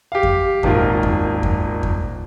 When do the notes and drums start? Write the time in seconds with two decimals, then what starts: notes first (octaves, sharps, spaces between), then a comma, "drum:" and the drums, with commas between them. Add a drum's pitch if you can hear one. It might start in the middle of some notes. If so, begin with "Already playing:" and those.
0.12 G4 F5
0.23 drum: kick F2
0.63 D#1 G#1 D#3 F4 A#4, drum: kick F2
1.03 drum: kick F2
1.43 drum: kick F2
1.83 drum: kick F2